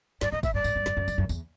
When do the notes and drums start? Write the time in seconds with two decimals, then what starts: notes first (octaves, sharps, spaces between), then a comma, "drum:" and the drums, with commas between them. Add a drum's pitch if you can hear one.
0.21 G2 D5, drum: snare
0.32 G#2 D#5
0.43 A2 E5, drum: kick, tambourine
0.54 G2 D5
0.64 G#2, drum: tambourine
0.76 G2
0.86 F#2, drum: snare
0.97 F#2
1.08 G2, drum: tambourine
1.18 F#2
1.29 E2, drum: tambourine